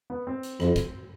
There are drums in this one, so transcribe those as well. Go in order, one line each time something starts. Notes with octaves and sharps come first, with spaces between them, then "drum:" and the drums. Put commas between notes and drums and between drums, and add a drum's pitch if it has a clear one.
B3
C4
drum: hi-hat
F2, drum: rim click
drum: kick, hi-hat